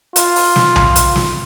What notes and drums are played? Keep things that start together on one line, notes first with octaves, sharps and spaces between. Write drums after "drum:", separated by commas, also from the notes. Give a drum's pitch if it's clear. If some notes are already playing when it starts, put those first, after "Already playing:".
F4, drum: hi-hat
drum: open hi-hat
drum: snare
drum: tom B1
drum: hi-hat
drum: snare